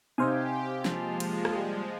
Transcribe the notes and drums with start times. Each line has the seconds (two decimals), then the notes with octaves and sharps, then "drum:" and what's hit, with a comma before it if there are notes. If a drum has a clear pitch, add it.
0.18 C3 D#4 G4 C5 F5 G#5
0.85 F3 G#3 A#3 F4 A5, drum: snare
1.20 drum: cymbal
1.45 drum: rim click
1.56 G3